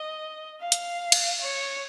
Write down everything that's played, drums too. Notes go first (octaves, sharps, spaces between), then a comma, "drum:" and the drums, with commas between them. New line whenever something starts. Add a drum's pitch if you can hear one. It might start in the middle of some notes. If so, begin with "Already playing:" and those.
Already playing: D#5
F5
drum: hi-hat
drum: cymbal
C#5